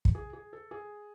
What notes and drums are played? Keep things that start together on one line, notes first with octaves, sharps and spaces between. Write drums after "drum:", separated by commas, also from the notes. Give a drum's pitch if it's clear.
drum: kick
G#4
G#4
A4
G#4